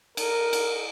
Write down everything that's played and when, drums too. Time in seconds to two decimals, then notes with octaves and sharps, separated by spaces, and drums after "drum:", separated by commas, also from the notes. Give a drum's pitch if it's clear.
0.17 A#4, drum: cymbal
0.53 drum: cymbal